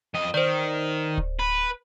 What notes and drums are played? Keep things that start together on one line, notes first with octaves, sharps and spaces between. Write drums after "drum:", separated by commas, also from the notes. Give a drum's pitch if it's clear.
F2 D#5
D#3 C5 D5
drum: kick D1
B4